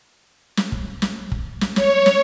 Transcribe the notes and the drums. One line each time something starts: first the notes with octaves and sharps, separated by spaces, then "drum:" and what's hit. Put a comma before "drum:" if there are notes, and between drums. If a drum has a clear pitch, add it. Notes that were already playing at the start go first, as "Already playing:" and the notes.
drum: snare
drum: kick
drum: snare
drum: kick
drum: snare
C#5, drum: snare
drum: snare